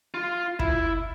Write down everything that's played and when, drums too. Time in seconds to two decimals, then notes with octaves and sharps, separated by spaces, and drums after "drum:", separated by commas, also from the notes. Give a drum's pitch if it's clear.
0.14 F4
0.60 E4, drum: kick